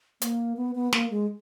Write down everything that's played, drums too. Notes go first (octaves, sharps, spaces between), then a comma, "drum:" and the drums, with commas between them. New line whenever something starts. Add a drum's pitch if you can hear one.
A#3, drum: hi-hat
B3
B3
A#3, drum: snare
G#3